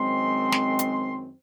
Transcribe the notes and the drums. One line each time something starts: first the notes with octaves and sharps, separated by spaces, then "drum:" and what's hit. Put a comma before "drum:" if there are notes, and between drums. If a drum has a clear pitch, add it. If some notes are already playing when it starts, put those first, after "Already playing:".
Already playing: F#2 D#3 G#3 C4 C6
drum: snare
drum: hi-hat